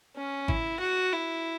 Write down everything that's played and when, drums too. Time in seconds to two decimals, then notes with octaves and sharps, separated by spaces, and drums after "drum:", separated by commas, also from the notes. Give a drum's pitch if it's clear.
0.16 C#4
0.48 E4, drum: kick G#1
0.80 F#4
1.12 E4